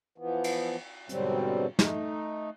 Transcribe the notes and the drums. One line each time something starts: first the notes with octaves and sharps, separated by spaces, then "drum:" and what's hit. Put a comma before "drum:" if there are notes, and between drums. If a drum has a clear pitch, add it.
E3 F3 B3
drum: cymbal
G#2 B2 D3 F#3 G3 C4, drum: hi-hat
A3 D#4, drum: snare